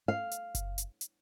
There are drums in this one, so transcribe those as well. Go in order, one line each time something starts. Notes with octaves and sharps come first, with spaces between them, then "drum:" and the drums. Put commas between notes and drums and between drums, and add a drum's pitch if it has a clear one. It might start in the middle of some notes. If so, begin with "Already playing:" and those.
F5
drum: hi-hat
drum: kick F#1, hi-hat
drum: hi-hat
drum: hi-hat